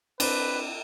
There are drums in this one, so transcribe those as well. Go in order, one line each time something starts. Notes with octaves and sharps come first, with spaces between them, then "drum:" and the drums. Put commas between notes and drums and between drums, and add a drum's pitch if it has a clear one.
C4 D4 B4, drum: cymbal